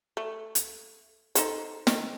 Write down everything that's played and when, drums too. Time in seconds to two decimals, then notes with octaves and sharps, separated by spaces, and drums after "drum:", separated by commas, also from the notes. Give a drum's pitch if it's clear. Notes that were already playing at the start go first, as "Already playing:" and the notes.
0.17 A3
0.55 drum: hi-hat
1.35 D#4 A4 C5, drum: hi-hat
1.87 D#3 C4, drum: snare